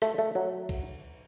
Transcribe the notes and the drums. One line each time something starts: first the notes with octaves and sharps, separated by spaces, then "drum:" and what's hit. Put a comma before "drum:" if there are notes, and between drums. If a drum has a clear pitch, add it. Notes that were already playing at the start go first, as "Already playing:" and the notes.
A3, drum: rim click
A3
F#3
drum: kick B1, cymbal